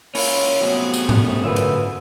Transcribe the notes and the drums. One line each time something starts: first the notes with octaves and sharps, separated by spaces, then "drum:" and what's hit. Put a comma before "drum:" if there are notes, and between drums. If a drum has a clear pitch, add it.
A#3 C#4 E4 F4 C#5, drum: open hi-hat
A2 C3 F#3 B3 G#4
drum: tambourine
F#2, drum: tom G#2
A#2 D3 B4 E5
drum: hi-hat